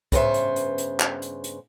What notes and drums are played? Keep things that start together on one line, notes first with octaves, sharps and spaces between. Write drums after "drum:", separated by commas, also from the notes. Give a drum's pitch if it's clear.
G2 C#3 B3 C5 E5, drum: kick, hi-hat
drum: hi-hat
drum: hi-hat
drum: hi-hat
drum: clap
drum: hi-hat
drum: hi-hat